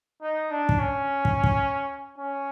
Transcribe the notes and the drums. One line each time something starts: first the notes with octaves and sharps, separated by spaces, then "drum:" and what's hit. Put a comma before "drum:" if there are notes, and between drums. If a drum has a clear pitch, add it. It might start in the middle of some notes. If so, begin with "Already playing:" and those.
D#4
D4
drum: kick
C#4
drum: kick
drum: kick
C#4